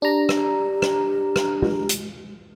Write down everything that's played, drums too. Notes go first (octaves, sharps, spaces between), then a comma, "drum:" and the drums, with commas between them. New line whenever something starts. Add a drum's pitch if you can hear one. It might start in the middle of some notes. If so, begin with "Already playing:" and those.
D4 G4 A#5
drum: rim click
drum: rim click
drum: rim click
drum: tom G#3
drum: hi-hat